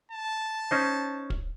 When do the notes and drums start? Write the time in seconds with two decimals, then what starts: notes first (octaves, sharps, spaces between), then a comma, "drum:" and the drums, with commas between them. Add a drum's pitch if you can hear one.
0.12 A5
0.71 C#4 D#4 C5
1.30 drum: kick